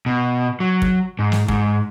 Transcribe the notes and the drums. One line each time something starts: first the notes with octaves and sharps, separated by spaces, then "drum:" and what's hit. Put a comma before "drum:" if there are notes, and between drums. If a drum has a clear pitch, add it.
B2
F#3
drum: kick
G#2
drum: snare
G#2, drum: kick